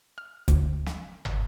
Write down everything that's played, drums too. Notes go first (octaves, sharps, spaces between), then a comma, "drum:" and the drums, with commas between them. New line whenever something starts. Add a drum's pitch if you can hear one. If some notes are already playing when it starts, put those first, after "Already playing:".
F6
D2, drum: kick F1, hi-hat
drum: snare
drum: tom